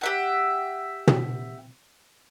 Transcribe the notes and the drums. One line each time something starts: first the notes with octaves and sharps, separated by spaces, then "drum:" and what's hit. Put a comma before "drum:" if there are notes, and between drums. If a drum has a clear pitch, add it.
G4 E5 F#5
drum: tom